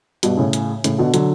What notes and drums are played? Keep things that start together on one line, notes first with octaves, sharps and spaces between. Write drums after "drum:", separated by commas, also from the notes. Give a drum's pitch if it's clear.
G2 B2, drum: hi-hat
A2 C#3
drum: hi-hat
A2 C#3, drum: hi-hat
B2 D3
D3 F#3, drum: hi-hat